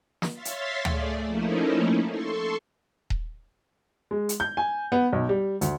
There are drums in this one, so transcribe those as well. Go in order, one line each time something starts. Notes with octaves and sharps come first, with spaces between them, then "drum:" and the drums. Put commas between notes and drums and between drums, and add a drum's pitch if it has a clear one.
drum: snare
C#5 E5 F5 C6 A6 B6
drum: hi-hat
A3 G#4 D5, drum: tom D2
F3 A3 A#3 C#4 D#4 E4
A4 C6 C#6
drum: kick D#1
G#3
drum: hi-hat
G6
G#5
B3
B1
G3
D2, drum: hi-hat